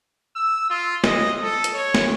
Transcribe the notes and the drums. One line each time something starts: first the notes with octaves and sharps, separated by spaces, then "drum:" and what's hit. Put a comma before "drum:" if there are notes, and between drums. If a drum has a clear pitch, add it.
E6
F4
D#5, drum: snare
A4
drum: hi-hat
C#5
drum: snare